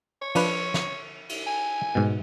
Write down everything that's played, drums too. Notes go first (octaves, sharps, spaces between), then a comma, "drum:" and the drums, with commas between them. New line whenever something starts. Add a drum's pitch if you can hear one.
C#5
F3 D4 B4, drum: cymbal
drum: snare
drum: cymbal
G#5
G#2 B2